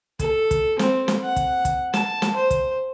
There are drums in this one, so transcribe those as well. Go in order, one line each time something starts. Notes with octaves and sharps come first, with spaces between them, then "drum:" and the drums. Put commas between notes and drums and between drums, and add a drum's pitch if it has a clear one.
A4, drum: kick, hi-hat
drum: kick, hi-hat
C4, drum: snare
drum: snare
F#5
drum: kick, hi-hat
drum: kick, hi-hat
A5, drum: snare
drum: snare
C5
drum: kick, hi-hat